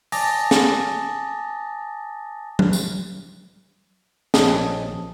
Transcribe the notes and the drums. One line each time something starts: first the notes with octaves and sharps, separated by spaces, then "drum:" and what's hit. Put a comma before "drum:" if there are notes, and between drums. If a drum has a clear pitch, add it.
G#5 A5 D6 D#6 A6 A#6, drum: open hi-hat
drum: snare
drum: tom F#3
drum: tambourine
A#1 C#4 D#5 A5 D#6, drum: snare